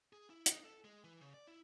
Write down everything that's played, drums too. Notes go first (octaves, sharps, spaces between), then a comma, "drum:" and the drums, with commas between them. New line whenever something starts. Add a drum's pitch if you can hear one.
G#4
E4
D#4, drum: hi-hat
A4
G#3
E3
C#3
D5
E4